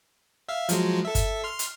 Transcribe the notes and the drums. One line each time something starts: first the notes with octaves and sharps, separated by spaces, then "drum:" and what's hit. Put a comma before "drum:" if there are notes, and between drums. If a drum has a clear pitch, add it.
E5 F5
F3 F#3 G#3, drum: hi-hat
A4 E5
drum: kick, hi-hat
C6 F6
drum: hi-hat